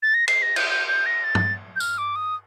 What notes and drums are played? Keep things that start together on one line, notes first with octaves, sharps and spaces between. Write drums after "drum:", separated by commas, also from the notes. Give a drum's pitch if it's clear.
A6
A#6
C7, drum: cymbal
A#6
G6, drum: cymbal
G6
G6
A#6
A6
drum: tom
G6
F6, drum: tambourine
D6
D#6